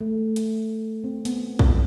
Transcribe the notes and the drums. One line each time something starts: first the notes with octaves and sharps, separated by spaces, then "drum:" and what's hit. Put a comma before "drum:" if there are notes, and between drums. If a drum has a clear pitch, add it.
A3
drum: hi-hat
C4
B3, drum: hi-hat
drum: kick A#1